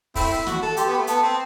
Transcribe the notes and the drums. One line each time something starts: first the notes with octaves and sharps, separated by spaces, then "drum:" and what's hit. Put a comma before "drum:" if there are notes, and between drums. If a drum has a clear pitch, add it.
A3 C4 E4 B5, drum: kick, open hi-hat
F#4, drum: snare
A4
G4 C6, drum: hi-hat
B3
B5
A3
B3 A5, drum: hi-hat
C4